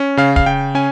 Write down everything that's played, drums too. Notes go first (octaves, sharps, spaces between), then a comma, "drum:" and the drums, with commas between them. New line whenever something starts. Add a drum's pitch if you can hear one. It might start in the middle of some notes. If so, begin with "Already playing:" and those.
Already playing: C#4
C#3 F5
F5, drum: kick
C#3 G5
C#4 G#5